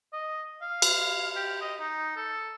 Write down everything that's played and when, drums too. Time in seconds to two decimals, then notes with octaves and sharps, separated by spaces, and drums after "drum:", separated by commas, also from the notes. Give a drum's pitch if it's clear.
0.13 D#5
0.62 F5
0.82 drum: cymbal
1.36 G4
1.61 D#5
1.80 D#4
2.17 A4